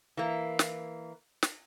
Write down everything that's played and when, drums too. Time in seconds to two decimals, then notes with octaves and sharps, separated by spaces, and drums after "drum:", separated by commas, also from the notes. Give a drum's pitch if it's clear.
0.17 E3 A#3
0.59 drum: snare
1.43 drum: snare